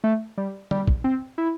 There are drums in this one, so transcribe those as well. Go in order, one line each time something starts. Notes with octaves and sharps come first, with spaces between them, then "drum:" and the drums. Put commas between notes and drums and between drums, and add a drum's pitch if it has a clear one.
A3
G3
G3, drum: tom
drum: kick
C4
E4